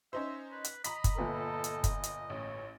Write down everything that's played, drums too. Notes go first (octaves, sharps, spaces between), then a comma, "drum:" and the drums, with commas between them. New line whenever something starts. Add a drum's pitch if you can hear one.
C#4 D#4 C5 E5
B4
drum: hi-hat
D#5 A#5 B5 B6, drum: hi-hat
drum: kick, hi-hat
G1 A#2 A4 B4
drum: hi-hat
drum: kick, hi-hat
drum: hi-hat
A1 C#5